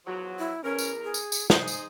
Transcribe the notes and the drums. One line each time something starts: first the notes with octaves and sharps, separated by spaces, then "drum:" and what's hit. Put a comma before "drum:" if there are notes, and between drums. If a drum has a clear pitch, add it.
E2 F3 F#3
E4
E2 C#4 A#4
drum: tambourine
G#4
drum: tambourine
drum: tambourine
D#4 G#4 C5, drum: snare
drum: tambourine